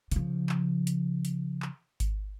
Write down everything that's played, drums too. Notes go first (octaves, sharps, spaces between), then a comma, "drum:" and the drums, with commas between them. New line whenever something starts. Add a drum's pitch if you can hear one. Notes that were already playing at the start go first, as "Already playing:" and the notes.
C#3 F3, drum: hi-hat
drum: clap
drum: hi-hat
drum: hi-hat
drum: clap
drum: kick G#1, hi-hat